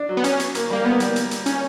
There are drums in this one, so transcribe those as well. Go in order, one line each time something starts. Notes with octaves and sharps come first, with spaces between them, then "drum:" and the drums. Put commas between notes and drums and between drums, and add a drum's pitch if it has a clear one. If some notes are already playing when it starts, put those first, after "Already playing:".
Already playing: D4
F#3
B3
C#4, drum: hi-hat
drum: hi-hat
A#3, drum: hi-hat
G3 A#3
B3
A#3
G3, drum: hi-hat
drum: hi-hat
drum: hi-hat
C#4, drum: hi-hat